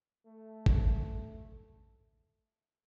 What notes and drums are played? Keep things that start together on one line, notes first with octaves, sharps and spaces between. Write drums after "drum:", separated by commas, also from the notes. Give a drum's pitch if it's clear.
A3
drum: kick G#1